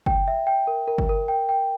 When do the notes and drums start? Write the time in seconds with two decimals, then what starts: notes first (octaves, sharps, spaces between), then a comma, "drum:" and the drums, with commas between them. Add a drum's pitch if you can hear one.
0.06 G5, drum: kick G1
0.28 E5
0.47 G5
0.67 A#4
0.88 A#4
0.98 drum: kick G1
1.09 A#4
1.28 G5
1.49 G5